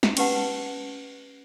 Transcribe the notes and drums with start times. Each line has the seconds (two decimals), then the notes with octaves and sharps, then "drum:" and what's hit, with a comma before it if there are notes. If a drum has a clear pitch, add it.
0.03 drum: snare
0.17 C#4 G4 B4 F#5 A5, drum: cymbal